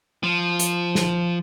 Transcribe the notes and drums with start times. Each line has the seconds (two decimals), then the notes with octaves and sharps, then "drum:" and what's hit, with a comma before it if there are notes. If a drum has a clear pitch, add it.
0.24 F3
0.59 drum: hi-hat
0.95 drum: snare